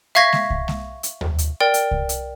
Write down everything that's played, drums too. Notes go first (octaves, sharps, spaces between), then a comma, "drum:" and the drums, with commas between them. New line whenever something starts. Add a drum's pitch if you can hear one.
E5 F5 C#6 G#6 A#6 B6
drum: snare G#3
drum: kick C2
drum: snare G#3
drum: hi-hat
drum: tom D#2
drum: hi-hat
A#4 D5 G5
drum: hi-hat
drum: kick C2
drum: hi-hat